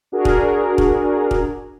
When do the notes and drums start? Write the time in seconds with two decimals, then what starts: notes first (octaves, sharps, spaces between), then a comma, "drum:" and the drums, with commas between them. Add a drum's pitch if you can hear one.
0.12 D4 F#4 G#4 A#4
0.25 drum: kick
0.78 drum: kick
1.31 drum: kick